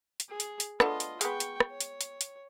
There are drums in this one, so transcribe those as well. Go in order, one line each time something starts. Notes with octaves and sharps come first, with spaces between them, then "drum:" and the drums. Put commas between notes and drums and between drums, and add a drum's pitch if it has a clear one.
drum: hi-hat
G#4
drum: hi-hat
drum: hi-hat
A3 B3 D4 F4 D#5, drum: rim click
drum: hi-hat
G#3 B3 G5 C#6, drum: hi-hat
drum: hi-hat
drum: rim click
C#5
drum: hi-hat
drum: hi-hat
drum: hi-hat